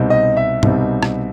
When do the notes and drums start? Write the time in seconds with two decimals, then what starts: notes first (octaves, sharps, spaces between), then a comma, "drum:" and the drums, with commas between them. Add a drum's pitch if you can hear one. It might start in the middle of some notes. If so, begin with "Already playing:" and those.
Already playing: C2 B2 G3 C4 D#4
0.10 D#5
0.37 E5
0.63 C2 B2 G3 C4 D#4, drum: tom
1.03 drum: rim click